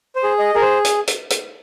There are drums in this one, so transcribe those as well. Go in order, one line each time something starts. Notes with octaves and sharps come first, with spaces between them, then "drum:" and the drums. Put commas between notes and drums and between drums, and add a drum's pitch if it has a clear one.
C5
G#4
D#5
G#4 A#4
C5
drum: hi-hat
drum: hi-hat
drum: hi-hat